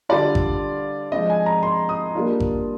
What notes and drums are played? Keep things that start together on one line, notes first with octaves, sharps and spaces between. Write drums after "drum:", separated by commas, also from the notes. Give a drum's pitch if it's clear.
D3 G3 D4 F4 D5
drum: kick G#1
F3 G#3 C4 D#5
G#5
A#5
C6
D#6
G3 A#3 D4 F4
drum: kick G#1